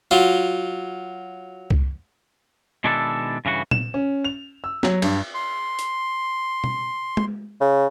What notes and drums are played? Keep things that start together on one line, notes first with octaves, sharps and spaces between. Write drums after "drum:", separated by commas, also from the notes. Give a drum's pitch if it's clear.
F#3 F4
drum: kick C2
B2 D#3 G#3 D4 E4 A4
G2 C#3 E3 F#4
E7, drum: tom A#2
C#4
F7
E6
F#3, drum: snare
G2, drum: cymbal
C6
drum: hi-hat
drum: tom B2
drum: tom G#3
C#3